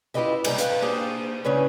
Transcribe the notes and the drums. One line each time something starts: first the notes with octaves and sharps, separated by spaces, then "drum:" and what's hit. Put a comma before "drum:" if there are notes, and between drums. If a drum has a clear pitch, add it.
E4 F4 G4 B4 D#5 E5
G#2 C3 G3 A#3 G#5 A#5, drum: cymbal
B4 F5 G5, drum: hi-hat
A#3 D4 G4 G#4 C5
A2 C#3 C#4 D4 B4